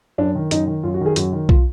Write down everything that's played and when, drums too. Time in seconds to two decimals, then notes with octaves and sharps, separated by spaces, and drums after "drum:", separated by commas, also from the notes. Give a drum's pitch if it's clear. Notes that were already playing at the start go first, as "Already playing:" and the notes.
0.18 F#2 D4
0.35 D#3
0.51 F#2 D#4, drum: hi-hat
0.67 D#3
0.83 F#2 F4
0.94 F#4
1.01 D#3 G#4
1.16 F#2 F#4, drum: hi-hat
1.33 D#3
1.49 F4, drum: kick B1